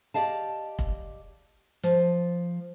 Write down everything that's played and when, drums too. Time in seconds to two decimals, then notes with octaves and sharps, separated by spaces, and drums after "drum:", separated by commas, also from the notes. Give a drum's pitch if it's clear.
0.14 G4 D5 D#5 F5 A5
0.79 drum: kick
1.83 F3, drum: hi-hat